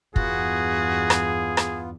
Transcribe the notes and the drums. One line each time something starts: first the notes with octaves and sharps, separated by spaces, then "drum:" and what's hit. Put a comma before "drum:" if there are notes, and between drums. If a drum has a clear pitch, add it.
E2 G2 B3 F4 F#4 G#4, drum: kick
drum: rim click
drum: rim click